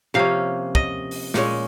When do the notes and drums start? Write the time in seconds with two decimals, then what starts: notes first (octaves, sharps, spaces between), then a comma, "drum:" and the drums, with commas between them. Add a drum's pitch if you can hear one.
0.14 C3 F3 A#3 C#4 F5
0.75 D#5, drum: kick
1.11 drum: open hi-hat
1.34 A#2 G#3 C#4, drum: snare